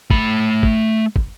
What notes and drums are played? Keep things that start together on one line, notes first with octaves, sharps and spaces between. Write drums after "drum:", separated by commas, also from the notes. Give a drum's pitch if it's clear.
A3 B5, drum: kick
drum: kick
drum: kick